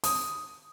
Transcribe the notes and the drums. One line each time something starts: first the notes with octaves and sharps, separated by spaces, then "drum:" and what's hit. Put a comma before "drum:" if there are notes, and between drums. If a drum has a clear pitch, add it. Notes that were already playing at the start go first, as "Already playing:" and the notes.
D#6, drum: open hi-hat